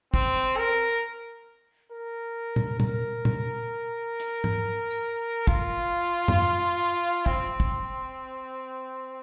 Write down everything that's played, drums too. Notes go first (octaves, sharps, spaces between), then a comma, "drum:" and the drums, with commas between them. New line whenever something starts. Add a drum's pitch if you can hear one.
C4, drum: kick
A#4
A#4
drum: tom
A#4, drum: tom
drum: tom
drum: hi-hat
drum: tom
drum: tambourine
F4, drum: kick
drum: tom
C4, drum: kick
drum: kick